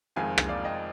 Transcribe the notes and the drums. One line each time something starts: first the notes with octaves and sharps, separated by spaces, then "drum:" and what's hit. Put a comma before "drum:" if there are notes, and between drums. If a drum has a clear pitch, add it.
F1 F2 D#3 G#3 F5 G#5
drum: rim click
D5 F5
D#5 G5